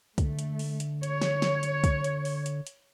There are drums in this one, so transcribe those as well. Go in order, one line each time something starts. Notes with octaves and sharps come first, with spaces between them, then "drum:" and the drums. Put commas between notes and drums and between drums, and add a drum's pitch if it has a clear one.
D3 A3, drum: kick, hi-hat
drum: hi-hat
drum: open hi-hat
drum: hi-hat
C#5, drum: hi-hat
drum: snare
drum: snare
drum: hi-hat
drum: kick, hi-hat
drum: hi-hat
drum: open hi-hat
drum: hi-hat
drum: hi-hat